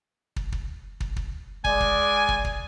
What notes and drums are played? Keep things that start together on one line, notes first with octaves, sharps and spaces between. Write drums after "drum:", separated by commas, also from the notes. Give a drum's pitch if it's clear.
drum: kick
drum: kick
drum: kick
drum: kick
G#3 D5 G#5, drum: kick
drum: kick
drum: kick
drum: kick